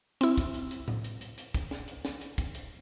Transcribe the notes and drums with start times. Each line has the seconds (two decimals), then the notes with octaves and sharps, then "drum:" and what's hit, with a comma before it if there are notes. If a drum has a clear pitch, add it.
0.21 C4 E4, drum: hi-hat
0.38 drum: kick, hi-hat
0.54 drum: hi-hat
0.71 drum: hi-hat
0.88 drum: tom A2
1.04 drum: hi-hat
1.21 drum: hi-hat
1.38 drum: hi-hat
1.55 drum: kick, hi-hat
1.71 drum: snare
1.88 drum: hi-hat
2.05 drum: snare
2.21 drum: hi-hat
2.38 drum: kick, hi-hat
2.55 drum: hi-hat